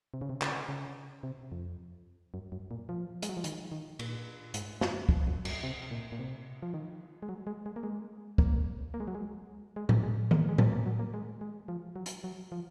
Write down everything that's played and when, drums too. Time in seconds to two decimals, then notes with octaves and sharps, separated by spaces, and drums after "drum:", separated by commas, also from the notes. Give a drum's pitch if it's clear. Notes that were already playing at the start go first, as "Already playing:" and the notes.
0.14 C3
0.21 C#3
0.29 C3
0.42 C#3, drum: clap
0.69 C#3
1.23 C3
1.52 F2
2.34 F#2
2.52 F#2
2.71 A#2
2.89 F3
3.22 G#3, drum: hi-hat
3.29 F#3
3.37 F3
3.44 D#3, drum: hi-hat
3.72 D#3
3.99 A#2, drum: cymbal
4.54 G#2, drum: hi-hat
4.81 F#2, drum: snare
5.09 F2, drum: kick
5.27 F#2
5.45 F#2, drum: cymbal
5.63 C3
5.91 A#2
6.12 A#2
6.19 C3
6.62 F3
6.74 D#3
7.22 G#3
7.29 F#3
7.47 G#3
7.66 G#3
7.76 A#3
7.83 G#3
8.38 A#3, drum: kick
8.94 A#3
9.00 G#3
9.08 F#3
9.15 G#3
9.76 G#3
9.89 drum: tom A2
10.03 G#3
10.31 A#3, drum: tom D#3
10.49 G#3
10.58 A#3, drum: tom A2
10.72 A#3
10.86 F#3
10.99 A#3
11.14 G#3
11.41 G#3
11.68 F3
11.96 F#3
12.06 drum: hi-hat
12.24 F#3
12.52 F3